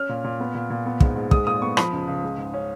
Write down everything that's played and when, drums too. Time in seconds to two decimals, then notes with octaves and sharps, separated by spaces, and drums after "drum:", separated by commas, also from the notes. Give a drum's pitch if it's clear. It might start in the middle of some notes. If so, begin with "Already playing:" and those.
Already playing: C#4 F6
0.09 A#2
0.24 A#2
0.40 B3
0.55 A#2
0.70 A#2
0.86 B3
1.00 G#2, drum: kick
1.16 G#2
1.31 G#3 D#6, drum: kick
1.47 A#2 D#6
1.62 B3 C#6
1.77 F3 B5, drum: rim click
1.92 C#2
2.07 C#2
2.23 G#3
2.38 G#2
2.54 C#4